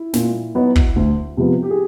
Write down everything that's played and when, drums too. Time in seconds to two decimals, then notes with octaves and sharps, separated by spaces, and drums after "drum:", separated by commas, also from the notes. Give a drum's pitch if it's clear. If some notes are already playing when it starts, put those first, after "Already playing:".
Already playing: E4
0.14 A#2, drum: snare
0.55 F#3 B3 D#4
0.76 drum: kick
0.96 D2
1.37 C3 F3 G#3 B3
1.63 G4
1.70 G#4